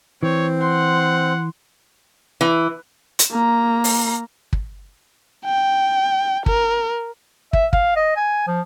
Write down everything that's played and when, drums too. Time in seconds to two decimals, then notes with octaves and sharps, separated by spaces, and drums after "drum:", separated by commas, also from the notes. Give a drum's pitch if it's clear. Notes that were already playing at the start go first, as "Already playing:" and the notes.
0.23 E3 C4 C#5
0.60 F#5 C6
2.41 E3
3.19 drum: hi-hat
3.31 A#3 A#5
3.84 drum: open hi-hat
4.53 drum: kick
5.45 G5
6.46 A#4, drum: kick
7.53 E5, drum: kick
7.73 F5, drum: kick
7.96 D#5
8.17 G#5
8.47 F3